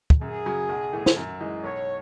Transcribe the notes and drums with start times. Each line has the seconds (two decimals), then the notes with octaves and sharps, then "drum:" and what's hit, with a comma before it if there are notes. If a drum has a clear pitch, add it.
0.10 drum: kick
0.21 F#2 G#4
0.46 C#3 F#3
0.69 B1
0.93 A2 E3 A3
1.06 drum: snare
1.17 F#2
1.40 E3 G#3 D#4
1.63 B1 C#5